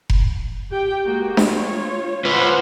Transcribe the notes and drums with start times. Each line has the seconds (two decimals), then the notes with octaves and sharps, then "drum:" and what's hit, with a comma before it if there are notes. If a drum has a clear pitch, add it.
0.10 drum: kick F1
0.71 G4 G5
1.05 G#3 A#3 F#4
1.37 F4 C#5, drum: snare D4
2.25 F4 B4 C5 F#5